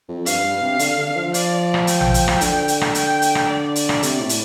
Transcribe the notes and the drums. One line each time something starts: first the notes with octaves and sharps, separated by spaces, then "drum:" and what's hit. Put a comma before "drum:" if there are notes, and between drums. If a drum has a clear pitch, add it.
F2
G2 F5, drum: hi-hat
G2
C3
D3, drum: hi-hat
D3
F3
D5, drum: hi-hat
drum: rim click
G5, drum: hi-hat
drum: tom A1
drum: hi-hat
drum: rim click
D3, drum: hi-hat
drum: hi-hat
drum: rim click
G5, drum: hi-hat
drum: hi-hat
drum: rim click
D5
drum: hi-hat
drum: rim click
C3, drum: hi-hat
A2
drum: hi-hat